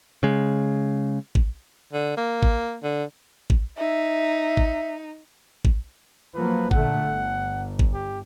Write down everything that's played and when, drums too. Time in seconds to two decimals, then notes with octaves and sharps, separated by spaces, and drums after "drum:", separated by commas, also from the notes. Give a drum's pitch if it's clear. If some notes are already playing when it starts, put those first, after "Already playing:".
0.23 C#3 G#3
1.35 drum: kick
1.93 D3
2.17 A#3
2.42 drum: kick
2.83 D3
3.50 drum: kick
3.77 D#4 E5
4.57 drum: kick
5.65 drum: kick
6.35 F3 F#3 A#3 B4
6.71 A#2 D3 A3 F#5, drum: kick
7.07 G1
7.79 drum: kick
7.93 G4